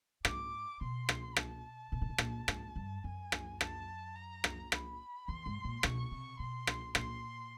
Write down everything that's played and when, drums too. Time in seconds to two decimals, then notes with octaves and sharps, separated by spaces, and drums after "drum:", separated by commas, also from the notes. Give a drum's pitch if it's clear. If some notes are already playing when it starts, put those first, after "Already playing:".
0.25 G#2 D6, drum: rim click
0.81 B2 C6
1.09 drum: rim click
1.36 A5, drum: rim click
1.92 B2
2.01 A#2
2.09 A2
2.18 A#2, drum: rim click
2.48 G#2, drum: rim click
2.76 G2
3.04 F#2 G#5
3.32 drum: rim click
3.61 A5, drum: rim click
4.15 A#5
4.44 drum: rim click
4.72 B5, drum: rim click
5.28 E2 C6
5.46 G#2
5.65 A#2
5.83 B2 C#6, drum: rim click
6.12 C3
6.39 B2 C6
6.67 drum: rim click
6.95 A#2 C6, drum: rim click